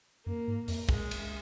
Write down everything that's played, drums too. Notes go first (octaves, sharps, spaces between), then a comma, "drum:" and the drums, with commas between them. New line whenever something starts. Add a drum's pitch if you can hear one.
F#2 A#3
G#2
F2, drum: open hi-hat
F#2 G#3, drum: kick
drum: cymbal